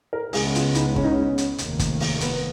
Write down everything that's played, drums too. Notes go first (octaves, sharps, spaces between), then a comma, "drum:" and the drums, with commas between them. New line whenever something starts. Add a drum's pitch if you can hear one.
A#4
C#2 C#3 G#3 B3 G#4, drum: open hi-hat
F4, drum: hi-hat
D#4, drum: hi-hat
C#4, drum: kick
D#4
C#4
drum: hi-hat
F1 D#2 D#3 A#3, drum: hi-hat
drum: kick, hi-hat
drum: open hi-hat
B3, drum: hi-hat